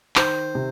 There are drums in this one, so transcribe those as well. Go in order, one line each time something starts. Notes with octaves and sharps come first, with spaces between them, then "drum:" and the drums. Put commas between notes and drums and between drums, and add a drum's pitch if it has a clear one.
D#3 C5, drum: clap
C3